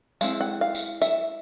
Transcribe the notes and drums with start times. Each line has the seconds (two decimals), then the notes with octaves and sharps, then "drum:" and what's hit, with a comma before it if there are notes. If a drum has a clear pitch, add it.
0.21 G#3 C4 E4 F5, drum: tambourine
0.41 F#5
0.61 F5
0.75 drum: tambourine
1.02 E5, drum: tambourine